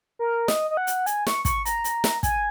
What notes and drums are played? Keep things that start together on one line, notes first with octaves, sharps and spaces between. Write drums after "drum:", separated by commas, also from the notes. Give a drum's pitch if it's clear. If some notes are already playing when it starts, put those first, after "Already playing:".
A#4
D#5, drum: snare
D#5
F#5
drum: hi-hat
G#5, drum: hi-hat
C#6, drum: snare
C#6, drum: kick, hi-hat
A#5, drum: hi-hat
drum: hi-hat
drum: snare
G#5, drum: kick, hi-hat